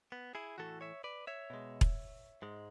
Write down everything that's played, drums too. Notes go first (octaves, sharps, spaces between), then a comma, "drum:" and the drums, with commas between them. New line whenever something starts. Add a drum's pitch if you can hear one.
B3
E4 G#4
A2 E3 A3 F#4 A4
C#5 E5
B4 D5
C#5 E5
B2 G#3
drum: kick E1
G#2 G#3